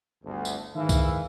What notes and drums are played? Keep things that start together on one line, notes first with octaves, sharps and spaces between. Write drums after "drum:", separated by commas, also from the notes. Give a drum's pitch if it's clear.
G1 D2
drum: tambourine
G#2 D#3 E3 E5 F5
drum: kick, tambourine